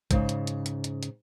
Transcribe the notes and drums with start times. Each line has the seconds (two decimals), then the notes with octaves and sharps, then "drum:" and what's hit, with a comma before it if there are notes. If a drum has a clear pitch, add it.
0.11 G#2 C#3, drum: kick, hi-hat
0.29 drum: hi-hat
0.47 drum: hi-hat
0.66 drum: hi-hat
0.84 drum: hi-hat
1.03 drum: hi-hat